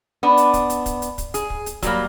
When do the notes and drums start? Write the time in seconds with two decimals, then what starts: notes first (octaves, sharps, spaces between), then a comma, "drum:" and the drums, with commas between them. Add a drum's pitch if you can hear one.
0.23 B3 D4
0.37 drum: hi-hat
0.54 drum: kick, hi-hat
0.70 drum: hi-hat
0.86 drum: kick, hi-hat
1.02 drum: hi-hat
1.18 drum: kick, hi-hat
1.34 G#4, drum: hi-hat
1.50 drum: kick
1.66 drum: hi-hat
1.82 F#3 G3 A#3, drum: kick, hi-hat